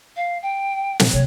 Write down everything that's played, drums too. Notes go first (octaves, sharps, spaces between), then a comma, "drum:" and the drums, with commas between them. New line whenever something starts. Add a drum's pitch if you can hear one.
F5
G5
drum: snare
C3 A3 C#5